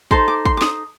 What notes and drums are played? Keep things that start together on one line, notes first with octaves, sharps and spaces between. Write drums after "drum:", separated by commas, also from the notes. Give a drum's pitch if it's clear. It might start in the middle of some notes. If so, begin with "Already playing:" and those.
D#4 A4 C5 C6, drum: kick
D6
C6, drum: kick
D6
D#6, drum: snare